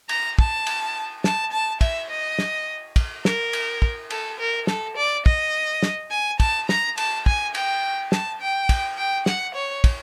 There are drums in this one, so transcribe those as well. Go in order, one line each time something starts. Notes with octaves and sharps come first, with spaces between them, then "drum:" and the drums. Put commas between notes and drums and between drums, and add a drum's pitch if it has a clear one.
A#5, drum: cymbal
A5, drum: kick
drum: cymbal
A5, drum: snare
A5
E5, drum: kick, cymbal
D#5
drum: snare
drum: kick, cymbal
A#4, drum: snare
drum: cymbal
drum: kick
A4, drum: cymbal
A#4
A4, drum: snare
D5
D#5, drum: kick
drum: snare
G#5
A5, drum: kick, cymbal
A#5, drum: snare
A5, drum: cymbal
G#5, drum: kick
G5, drum: cymbal
A5, drum: snare
G5
drum: kick, cymbal
G5
F#5, drum: snare
C#5
drum: kick, cymbal